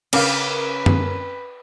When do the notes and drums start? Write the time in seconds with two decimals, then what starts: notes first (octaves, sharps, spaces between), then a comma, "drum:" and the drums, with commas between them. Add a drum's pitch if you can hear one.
0.13 C#3 C#4 A#4 B4 F5 D6, drum: cymbal
0.86 drum: tom